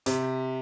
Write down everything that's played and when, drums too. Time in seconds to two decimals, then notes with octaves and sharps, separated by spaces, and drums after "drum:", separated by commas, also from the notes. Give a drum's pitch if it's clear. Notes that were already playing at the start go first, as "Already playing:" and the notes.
0.06 C3, drum: hi-hat